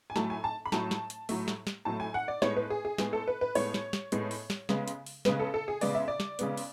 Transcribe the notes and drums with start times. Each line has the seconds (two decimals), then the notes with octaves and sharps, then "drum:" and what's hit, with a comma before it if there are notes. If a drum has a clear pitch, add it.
0.10 G#5
0.16 A2 F#3 A3 A5, drum: snare
0.30 G#5
0.44 A5
0.65 B5
0.72 A2 F#3 A3 A5, drum: snare
0.91 drum: snare
1.10 drum: hi-hat
1.29 A2 F#3 A3, drum: open hi-hat
1.48 drum: snare
1.67 drum: snare
1.85 A2 F#3 A3 A5
2.00 G#5
2.14 F#5
2.28 D5
2.42 A2 G#3 B3 C#5, drum: snare
2.56 B4
2.70 G#4
2.85 G#4
2.98 A2 G#3 B3 G#4, drum: snare
3.13 A4
3.28 B4
3.41 B4
3.55 A2 G#3 B3 C#5, drum: open hi-hat
3.74 drum: snare
3.93 drum: snare
4.12 A2 G#3 B3, drum: hi-hat
4.31 drum: open hi-hat
4.50 drum: snare
4.69 C#3 G#3 B3, drum: snare
4.88 drum: hi-hat
5.06 drum: open hi-hat
5.25 C#3 G#3 B3 B4, drum: snare
5.39 A4
5.54 A4
5.68 G#4
5.81 C#3 G#3 B3 D5, drum: open hi-hat
5.95 E5
6.08 D5
6.20 drum: snare
6.39 C#3 G#3 B3, drum: hi-hat
6.57 drum: open hi-hat